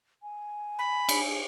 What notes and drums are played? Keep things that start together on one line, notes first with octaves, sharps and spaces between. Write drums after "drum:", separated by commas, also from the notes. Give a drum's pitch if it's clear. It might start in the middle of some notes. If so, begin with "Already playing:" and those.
G#5
B5
drum: cymbal